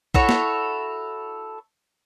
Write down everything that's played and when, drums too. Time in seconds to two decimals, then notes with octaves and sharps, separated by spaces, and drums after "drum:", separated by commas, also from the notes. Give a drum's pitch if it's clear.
0.14 E4 F#4 A4 C#5, drum: kick A#1
0.29 drum: snare